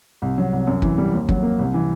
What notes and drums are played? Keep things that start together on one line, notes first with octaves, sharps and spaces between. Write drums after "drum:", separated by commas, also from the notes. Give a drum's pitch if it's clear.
C2
F#3
C2
F#2
E3, drum: kick
G3
D#2
F#3, drum: kick
A#3
C2
E3